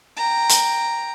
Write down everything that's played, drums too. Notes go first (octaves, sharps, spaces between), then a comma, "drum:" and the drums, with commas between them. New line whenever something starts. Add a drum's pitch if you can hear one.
G5 A#5
drum: hi-hat